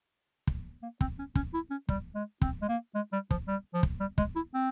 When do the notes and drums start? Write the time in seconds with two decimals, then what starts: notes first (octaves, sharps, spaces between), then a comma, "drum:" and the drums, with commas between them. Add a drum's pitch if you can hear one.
0.47 drum: kick
0.83 A#3
1.01 C4, drum: kick
1.19 C#4
1.35 C#4, drum: kick
1.54 E4
1.71 C#4
1.89 G3, drum: kick
2.15 G#3
2.42 C4, drum: kick
2.62 G#3
2.69 A#3
2.95 G#3
3.13 G3
3.31 F3, drum: kick
3.48 G3
3.74 F3
3.83 drum: kick
4.00 G3
4.18 G#3, drum: kick
4.35 E4
4.54 C4